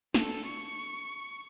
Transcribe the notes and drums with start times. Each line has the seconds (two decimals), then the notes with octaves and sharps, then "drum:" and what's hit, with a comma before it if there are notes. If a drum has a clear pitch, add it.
0.14 D4 A4, drum: snare
0.45 C#6